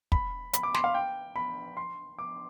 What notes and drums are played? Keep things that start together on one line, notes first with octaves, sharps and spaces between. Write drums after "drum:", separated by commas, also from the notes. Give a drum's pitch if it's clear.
B5, drum: kick
B5, drum: hi-hat
D6
C6, drum: snare
F5
G5
B5
C6
D6